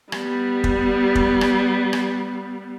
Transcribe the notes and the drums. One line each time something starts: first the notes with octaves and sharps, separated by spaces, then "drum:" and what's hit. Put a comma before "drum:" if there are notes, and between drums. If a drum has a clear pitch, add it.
G3 B3, drum: rim click
drum: kick
drum: kick
drum: rim click
drum: rim click